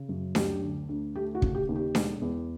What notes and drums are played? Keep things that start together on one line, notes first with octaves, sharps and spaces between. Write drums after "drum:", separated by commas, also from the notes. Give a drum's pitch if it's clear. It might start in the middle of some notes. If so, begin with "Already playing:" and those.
Already playing: C#3
F#2
D2 G4, drum: snare D4
D3
D2
A3 G4
F#4
C#3, drum: kick
G4
D#2
G4
E1, drum: snare D4
E2